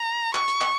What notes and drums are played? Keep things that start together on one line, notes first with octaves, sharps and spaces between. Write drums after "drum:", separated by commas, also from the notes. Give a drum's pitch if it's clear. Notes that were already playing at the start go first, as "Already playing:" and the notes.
Already playing: A#5
C#6, drum: clap
drum: hi-hat
drum: clap